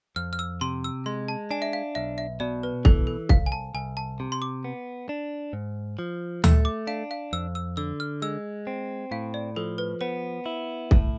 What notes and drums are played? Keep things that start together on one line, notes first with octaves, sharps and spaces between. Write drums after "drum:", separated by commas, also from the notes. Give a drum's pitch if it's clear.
F2 F6
F6
E6
C3 C6
E6
G#3 C6
A5
D4 G#5
E5
F5
B1 E5
E5
B2 D5
B4
E3 A4, drum: kick
A4
C2 F5, drum: kick
G#5
A5
C2 G#5
A5
C3
C6
D6
B3
D4
G#2
F3
A3 E6, drum: tom D2
D6
D4 F5
F5
F2 E6
E6
D3 E6
F6
G#3 E6
C4
A2 F5
D5
F3 A4
B4
B3 C5
E4
A2, drum: kick